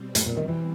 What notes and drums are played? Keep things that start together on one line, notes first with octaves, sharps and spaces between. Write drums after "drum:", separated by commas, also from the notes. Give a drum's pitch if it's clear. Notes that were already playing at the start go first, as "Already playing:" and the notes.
Already playing: B2 G3 C4
A2, drum: hi-hat
A#2
D#3
E3